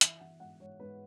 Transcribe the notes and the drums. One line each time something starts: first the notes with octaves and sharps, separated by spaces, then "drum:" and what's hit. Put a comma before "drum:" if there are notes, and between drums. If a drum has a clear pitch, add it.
E3 E5, drum: hi-hat
E3 F#5
G#2 F#5
G#2 C#5
G#2 B4